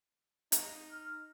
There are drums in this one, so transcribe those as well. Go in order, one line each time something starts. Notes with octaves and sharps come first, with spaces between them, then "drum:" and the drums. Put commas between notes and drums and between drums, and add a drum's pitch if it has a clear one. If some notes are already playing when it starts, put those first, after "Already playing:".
D#4, drum: hi-hat
F6